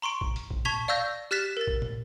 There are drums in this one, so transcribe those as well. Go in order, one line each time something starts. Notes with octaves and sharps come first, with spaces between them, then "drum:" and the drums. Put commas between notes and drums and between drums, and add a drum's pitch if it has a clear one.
A#5 C6 C#6 D7
drum: kick
drum: hi-hat
drum: kick
A5 C#6 G#6 B6 F7, drum: tom
D5 F5 C#6 E6 G6 A#6
G4 F6 F#6 A6 B6 E7
A#4 A6
drum: kick
drum: tom